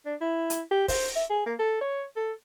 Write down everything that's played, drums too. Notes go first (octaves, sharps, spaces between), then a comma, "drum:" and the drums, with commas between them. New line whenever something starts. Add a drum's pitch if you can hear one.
D4
E4
drum: hi-hat
G4
C5, drum: kick, open hi-hat
E5
G#4
A#3
A4
C#5
A4